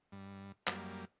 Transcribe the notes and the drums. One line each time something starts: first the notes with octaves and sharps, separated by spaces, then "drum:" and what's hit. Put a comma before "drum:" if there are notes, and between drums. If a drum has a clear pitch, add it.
G2
F#2 G3 A#3, drum: clap